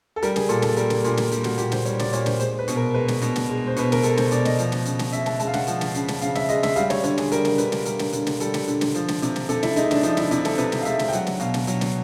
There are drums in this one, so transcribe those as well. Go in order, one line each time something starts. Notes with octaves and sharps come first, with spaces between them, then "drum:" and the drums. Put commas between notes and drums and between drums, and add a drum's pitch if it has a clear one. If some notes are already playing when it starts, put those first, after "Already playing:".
A4
G3 A#4, drum: hi-hat
G#4, drum: snare
A#2 A4, drum: hi-hat
A4, drum: snare
G3 A#4, drum: hi-hat
drum: snare
A#2 G#4, drum: hi-hat
drum: snare
G3 G4, drum: hi-hat
F#4, drum: snare
A#2 G4, drum: hi-hat
C5, drum: snare
G3 C#5, drum: hi-hat
D5, drum: snare
A#2 C#5, drum: hi-hat
C5, drum: snare
G#3 C5, drum: hi-hat
B4
B2, drum: hi-hat
A#4
G#3 B4
drum: snare
B2, drum: hi-hat
drum: snare
G#3
C5
B2 B4, drum: hi-hat
A#4, drum: snare
G#3 A4, drum: hi-hat
C5, drum: snare
B2 D5, drum: hi-hat
D#5, drum: snare
F3, drum: hi-hat
drum: snare
C#3, drum: hi-hat
drum: snare
C#3 E5, drum: hi-hat
A5, drum: snare
G#3 A5, drum: hi-hat
F5
F#5, drum: snare
F3, drum: hi-hat
drum: snare
C#3, drum: hi-hat
drum: snare
C#3 F5, drum: hi-hat
E5, drum: snare
G#3 D#5, drum: hi-hat
E5, drum: snare
G3 F5, drum: hi-hat
C#5, drum: snare
D3 C#5, drum: hi-hat
G#4, drum: snare
G3 A#4, drum: hi-hat
drum: snare
D3 B4, drum: hi-hat
drum: snare
G3 A#4, drum: hi-hat
drum: snare
D3, drum: hi-hat
drum: snare
G3 A4, drum: hi-hat
drum: snare
D3, drum: hi-hat
drum: snare
F3, drum: hi-hat
drum: snare
C3, drum: hi-hat
drum: snare
C3 A4, drum: hi-hat
E4, drum: snare
G#3 D#4, drum: hi-hat
D4, drum: snare
F3 D#4, drum: hi-hat
E4, drum: snare
C3 E4, drum: hi-hat
A4, drum: snare
C3 B4, drum: hi-hat
drum: snare
F5
G#3 E5, drum: hi-hat
drum: snare
G5
F#3 F#5, drum: hi-hat
drum: snare
B2 F5, drum: hi-hat
drum: snare
F#3, drum: hi-hat
drum: snare